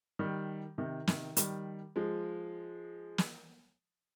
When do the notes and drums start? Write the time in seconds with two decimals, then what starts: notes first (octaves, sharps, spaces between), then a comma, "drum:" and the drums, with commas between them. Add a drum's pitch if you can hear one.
0.19 D#3 G3
0.78 C3 D#3
1.07 C3 D#3, drum: snare
1.37 D#3 G3, drum: hi-hat
1.96 F3 G#3
3.18 drum: snare